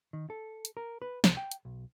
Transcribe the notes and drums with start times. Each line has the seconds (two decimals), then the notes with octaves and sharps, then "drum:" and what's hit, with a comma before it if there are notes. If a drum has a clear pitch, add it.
0.13 D#3
0.30 A4
0.65 drum: hi-hat
0.77 A#4
1.02 B4
1.24 C2, drum: snare
1.37 G5
1.52 drum: hi-hat
1.65 B1